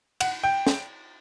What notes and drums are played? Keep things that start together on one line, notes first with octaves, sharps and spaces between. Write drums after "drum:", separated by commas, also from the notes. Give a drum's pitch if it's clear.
F#5, drum: cymbal
G5
drum: snare